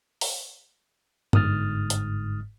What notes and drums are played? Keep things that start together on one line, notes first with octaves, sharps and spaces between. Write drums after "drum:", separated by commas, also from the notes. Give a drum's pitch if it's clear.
drum: open hi-hat
G1 G#2 D#6 F6 A6, drum: tom G2
drum: hi-hat